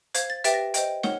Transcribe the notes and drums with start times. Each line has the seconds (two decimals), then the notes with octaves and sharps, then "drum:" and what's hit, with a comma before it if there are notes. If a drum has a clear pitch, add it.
0.14 C5 F5 G#6, drum: hi-hat
0.30 A6
0.44 G4 B4 E5 G5 A6, drum: hi-hat
0.54 A#6
0.74 C5 D#5 G5, drum: hi-hat
1.03 A#4 C#5 F#5, drum: snare